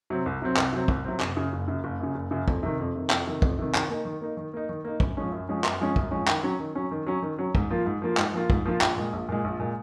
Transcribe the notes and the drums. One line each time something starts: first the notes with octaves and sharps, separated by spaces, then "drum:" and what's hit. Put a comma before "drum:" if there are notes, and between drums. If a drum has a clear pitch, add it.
C3 F#3 C4
C2
C3 F#3 C4
C2, drum: clap
C3 F#3 C4
C2, drum: kick
C3 F#3 C4
F#1, drum: clap
F#2 C#3
F#1
F#2 C#3
F#1
F#2 C#3
F#1
F#2 C#3
F2, drum: kick
C3 D#3
F2
C3 D#3
F2, drum: clap
C3 D#3
F2, drum: kick
C3 D#3
D#3, drum: clap
A#3 D#4
D#3
A#3 D#4
D#3
A#3 D#4
D#3
A#3 D#4
F#2, drum: kick
F3 G#3 C#4
F#2
F3 G#3 C#4
F#2, drum: clap
F3 G#3 C#4
F#2, drum: kick
F3 G#3 C#4
D#3, drum: clap
F#3 C#4
D#3
F#3 C#4
D#3
F#3 C#4
D#3
F#3 C#4
G#2, drum: kick
F3 A#3 F4
G#2
F3 A#3 F4
G#2, drum: clap
F3 A#3 F4
G#2, drum: kick
F3 A#3 F4
A#1, drum: clap
A#2 G#3
A#1
A#2 G#3
A#1
A#2 G#3